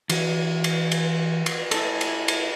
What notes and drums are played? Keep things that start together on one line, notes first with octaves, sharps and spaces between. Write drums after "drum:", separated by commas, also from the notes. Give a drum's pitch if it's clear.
E3 F#4, drum: cymbal
drum: cymbal
drum: cymbal
drum: cymbal
E4 A4, drum: cymbal
drum: cymbal
drum: cymbal